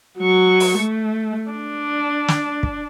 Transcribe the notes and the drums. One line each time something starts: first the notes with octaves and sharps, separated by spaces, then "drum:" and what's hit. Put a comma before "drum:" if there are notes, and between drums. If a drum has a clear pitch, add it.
F#3 C#6
drum: open hi-hat
A3
D4
drum: snare
drum: kick